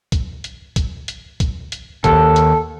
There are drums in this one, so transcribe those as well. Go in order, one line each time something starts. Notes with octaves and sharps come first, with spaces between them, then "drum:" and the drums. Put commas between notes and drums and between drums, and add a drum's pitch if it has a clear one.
drum: kick, hi-hat
drum: hi-hat
drum: kick, hi-hat
drum: hi-hat
drum: kick, hi-hat
drum: hi-hat
D#2 A4, drum: kick, hi-hat
drum: hi-hat